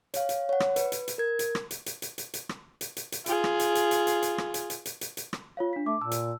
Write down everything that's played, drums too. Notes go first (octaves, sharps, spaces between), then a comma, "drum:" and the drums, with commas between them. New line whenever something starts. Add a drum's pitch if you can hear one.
C#5 F5, drum: hi-hat
drum: hi-hat
C#5 F#5
drum: rim click
B4, drum: hi-hat
drum: hi-hat
drum: hi-hat
A#4 G#6
drum: hi-hat
drum: rim click
drum: hi-hat
drum: hi-hat
drum: hi-hat
drum: hi-hat
drum: hi-hat
drum: rim click
drum: hi-hat
drum: hi-hat
drum: hi-hat
F4 G#4, drum: hi-hat
drum: rim click
drum: hi-hat
drum: hi-hat
drum: hi-hat
drum: hi-hat
drum: hi-hat
drum: rim click
drum: hi-hat
drum: hi-hat
drum: hi-hat
drum: hi-hat
drum: hi-hat
drum: rim click
F4 C#5 F5
D4 B6
A3 D6
A#2 A5 E6
drum: hi-hat